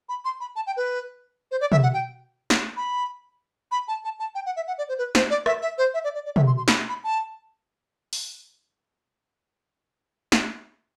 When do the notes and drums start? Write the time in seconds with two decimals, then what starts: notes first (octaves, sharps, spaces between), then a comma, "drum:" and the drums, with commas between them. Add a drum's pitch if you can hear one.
0.09 B5
0.25 C6
0.40 B5
0.56 A5
0.67 G5
0.77 B4
1.51 C5
1.61 D5
1.72 E5, drum: tom
1.83 F#5
1.94 G5
2.50 drum: snare
2.77 B5
3.72 B5
3.88 A5
4.04 A5
4.19 A5
4.35 G5
4.46 F#5
4.56 E5
4.67 F#5
4.78 D5
4.89 C5
4.98 B4
5.15 C5, drum: snare
5.30 D5
5.46 E5, drum: rim click
5.62 E5
5.78 C5
5.94 E5
6.04 D5
6.15 D5
6.25 D5
6.36 E5, drum: tom
6.47 C6
6.57 C6
6.68 B5, drum: snare
6.89 B5
7.04 A5
8.13 drum: open hi-hat
10.32 drum: snare